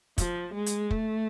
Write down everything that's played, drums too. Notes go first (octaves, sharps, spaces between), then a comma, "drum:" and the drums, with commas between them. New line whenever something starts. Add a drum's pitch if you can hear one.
F3, drum: kick, hi-hat
G#3
drum: hi-hat
A3, drum: kick